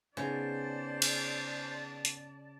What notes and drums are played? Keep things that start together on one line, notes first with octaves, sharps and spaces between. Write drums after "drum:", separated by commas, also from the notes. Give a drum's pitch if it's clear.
C#3 B3 D#4 G#4 C5 D5 A5
drum: cymbal
drum: hi-hat